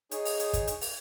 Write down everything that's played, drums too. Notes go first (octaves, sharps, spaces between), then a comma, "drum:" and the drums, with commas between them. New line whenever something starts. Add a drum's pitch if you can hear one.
D#4 G#4 C#5, drum: hi-hat
drum: open hi-hat
drum: hi-hat
drum: kick, hi-hat
drum: hi-hat
drum: open hi-hat